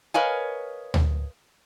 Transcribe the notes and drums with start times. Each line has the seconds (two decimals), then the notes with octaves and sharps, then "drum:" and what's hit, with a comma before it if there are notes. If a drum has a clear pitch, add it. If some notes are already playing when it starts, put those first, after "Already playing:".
0.14 A#4 B4 C#5 D#5 F5 G#5
0.94 drum: tom D2